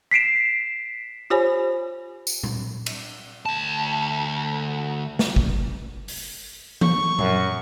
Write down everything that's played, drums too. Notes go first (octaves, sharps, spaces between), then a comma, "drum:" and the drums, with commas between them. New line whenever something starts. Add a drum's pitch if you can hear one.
B6 C7 D7 E7
F4 G4 C5 C#5 G#5 B5
drum: tambourine
drum: tom A#2
drum: cymbal
D2 A5
drum: snare
drum: kick
drum: open hi-hat
C#6, drum: tom E3
F#2, drum: tom A#2